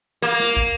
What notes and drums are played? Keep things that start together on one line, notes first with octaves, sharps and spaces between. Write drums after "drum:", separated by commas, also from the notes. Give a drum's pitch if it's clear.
A#3
drum: snare
drum: kick